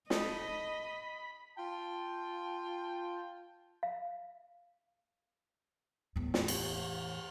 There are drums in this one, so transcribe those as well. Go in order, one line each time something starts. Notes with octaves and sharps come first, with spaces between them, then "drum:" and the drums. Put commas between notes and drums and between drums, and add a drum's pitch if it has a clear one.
D#4 A4 D#5 B5, drum: snare
F4 G5 A5
F5
E2 A2
drum: snare
drum: cymbal